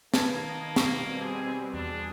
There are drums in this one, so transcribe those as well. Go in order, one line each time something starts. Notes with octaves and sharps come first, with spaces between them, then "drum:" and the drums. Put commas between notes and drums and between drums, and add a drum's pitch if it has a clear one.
D#3 A#3 B4 A5 D#6 G#6 A#6, drum: snare
B2 G3 C4, drum: snare
G#4
E2 D4 G#4 D#6